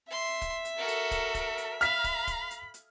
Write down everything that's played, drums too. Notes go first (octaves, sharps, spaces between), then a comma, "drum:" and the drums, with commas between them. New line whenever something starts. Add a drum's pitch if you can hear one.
E5 C6
drum: kick, hi-hat
drum: hi-hat
F#4 A4 A#4
drum: hi-hat
drum: kick, hi-hat
drum: kick, hi-hat
drum: hi-hat
F5 B5 F6 B6, drum: hi-hat
drum: kick, hi-hat
drum: kick, hi-hat
drum: hi-hat
drum: hi-hat